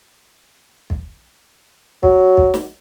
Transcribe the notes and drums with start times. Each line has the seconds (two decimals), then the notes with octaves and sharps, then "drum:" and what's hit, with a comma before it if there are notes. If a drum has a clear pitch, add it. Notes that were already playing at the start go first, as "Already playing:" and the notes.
0.90 drum: kick
2.03 F#3, drum: kick
2.37 drum: kick
2.54 drum: snare